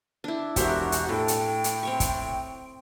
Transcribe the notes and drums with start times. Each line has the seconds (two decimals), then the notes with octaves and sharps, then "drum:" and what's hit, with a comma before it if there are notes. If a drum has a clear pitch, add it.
0.24 D4 E4
0.56 E1 F#4 G4 A#4 C5 E5, drum: kick, hi-hat
0.92 drum: hi-hat
1.09 A2 A4 G5
1.28 drum: hi-hat
1.64 drum: hi-hat
1.83 C4 C#5 C#6
2.00 drum: kick, hi-hat